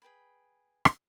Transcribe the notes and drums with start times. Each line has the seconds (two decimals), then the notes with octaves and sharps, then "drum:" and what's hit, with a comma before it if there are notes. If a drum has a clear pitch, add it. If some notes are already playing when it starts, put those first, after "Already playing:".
0.02 G#4 B4 G5 B5
0.85 drum: rim click